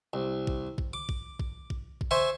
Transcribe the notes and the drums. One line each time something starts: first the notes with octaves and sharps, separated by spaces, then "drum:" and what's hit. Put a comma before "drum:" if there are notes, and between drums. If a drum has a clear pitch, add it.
C2
drum: kick
drum: kick
D6
drum: kick
drum: kick
drum: kick
drum: kick
C5 E5 G#5 C#6